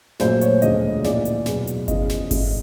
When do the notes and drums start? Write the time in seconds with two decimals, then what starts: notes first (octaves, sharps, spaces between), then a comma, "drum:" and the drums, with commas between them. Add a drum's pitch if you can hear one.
0.20 A#1 A#2 F#3 A3 C5, drum: snare
0.41 C#5, drum: hi-hat
0.62 E1 D2 D3 F3 D#5, drum: hi-hat
1.04 A#1 A2 E3 A3 D5, drum: snare
1.25 drum: hi-hat
1.46 E2 B2 F#3, drum: snare
1.67 drum: hi-hat
1.88 E2 C#3 F3 D#5, drum: kick G1, hi-hat
2.09 drum: snare
2.31 A1 A2 F3 A3, drum: kick G1, open hi-hat